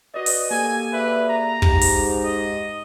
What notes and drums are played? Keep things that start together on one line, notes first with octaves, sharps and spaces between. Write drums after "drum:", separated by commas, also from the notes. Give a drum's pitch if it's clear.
F#4 B4 D5 D#5
drum: open hi-hat
A#3 G4 A4 G#5
G#4 B4 D5 E5
A#5
G#2 G4, drum: kick
drum: open hi-hat
D#5